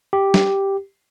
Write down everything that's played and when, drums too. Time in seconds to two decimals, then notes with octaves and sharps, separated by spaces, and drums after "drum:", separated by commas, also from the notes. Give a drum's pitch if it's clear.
0.13 G4
0.34 drum: snare